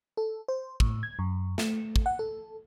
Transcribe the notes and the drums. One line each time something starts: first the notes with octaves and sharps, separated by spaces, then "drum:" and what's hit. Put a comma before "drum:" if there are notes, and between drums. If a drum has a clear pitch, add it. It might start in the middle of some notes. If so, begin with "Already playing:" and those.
A4
C5
A2, drum: kick
G#6
F#2
A3, drum: snare
drum: kick
F#5
A4